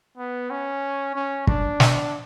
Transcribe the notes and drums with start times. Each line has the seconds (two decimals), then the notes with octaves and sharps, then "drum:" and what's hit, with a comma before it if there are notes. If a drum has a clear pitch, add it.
0.18 B3
0.50 C#4
1.15 C#4
1.47 D4, drum: kick
1.80 drum: snare